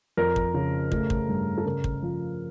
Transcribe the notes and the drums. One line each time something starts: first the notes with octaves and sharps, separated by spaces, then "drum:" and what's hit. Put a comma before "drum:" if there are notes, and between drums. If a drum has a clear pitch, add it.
F2 A#4
drum: kick
C#3
A3, drum: kick
drum: kick
G2
A4
C#3 A#4
drum: kick
F3